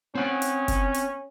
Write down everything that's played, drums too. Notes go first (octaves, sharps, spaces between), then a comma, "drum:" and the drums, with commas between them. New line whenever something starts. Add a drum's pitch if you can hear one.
C4 C#4 F#5 G5
drum: hi-hat
drum: kick, hi-hat
drum: hi-hat